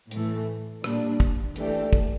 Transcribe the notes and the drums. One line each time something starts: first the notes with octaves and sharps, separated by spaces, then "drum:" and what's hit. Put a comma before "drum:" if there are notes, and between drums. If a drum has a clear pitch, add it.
A2 E3 A3, drum: hi-hat
A#2 G3 D4, drum: rim click
drum: kick
E3 A3 D4 G4, drum: hi-hat
drum: kick